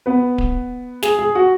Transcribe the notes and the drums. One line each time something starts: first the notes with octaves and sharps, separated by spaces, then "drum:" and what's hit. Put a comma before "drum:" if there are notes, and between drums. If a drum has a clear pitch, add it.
B3 B4
drum: kick D1
G#4, drum: snare
G#4
F#4